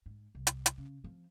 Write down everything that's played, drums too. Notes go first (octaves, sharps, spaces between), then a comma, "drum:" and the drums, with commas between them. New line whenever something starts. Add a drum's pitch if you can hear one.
G#2
C2
drum: hi-hat
drum: hi-hat
C#3
F3 C4